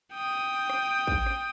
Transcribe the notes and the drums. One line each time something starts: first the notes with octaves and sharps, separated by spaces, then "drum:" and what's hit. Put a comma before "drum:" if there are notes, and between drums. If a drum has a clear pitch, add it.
G5 D#6
drum: rim click
drum: kick A1
drum: rim click